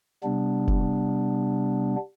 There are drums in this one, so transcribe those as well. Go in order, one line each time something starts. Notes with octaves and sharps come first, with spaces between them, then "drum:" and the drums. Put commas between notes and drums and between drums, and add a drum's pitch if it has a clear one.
C3 G3 B3 D4
drum: kick F1